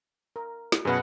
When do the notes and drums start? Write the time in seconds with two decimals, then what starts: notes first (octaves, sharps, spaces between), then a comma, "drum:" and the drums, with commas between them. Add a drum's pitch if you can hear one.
0.36 A#4
0.72 drum: snare
0.85 F#2 B2 G#4 B4 F#5